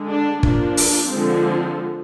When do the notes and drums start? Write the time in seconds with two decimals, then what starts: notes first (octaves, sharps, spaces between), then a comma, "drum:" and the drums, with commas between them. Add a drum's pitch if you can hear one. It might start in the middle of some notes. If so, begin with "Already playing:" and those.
Already playing: D3 G#3
0.09 D4
0.43 F3 A#3 D4, drum: kick
0.77 drum: open hi-hat
1.10 D3 F3 G#3 C4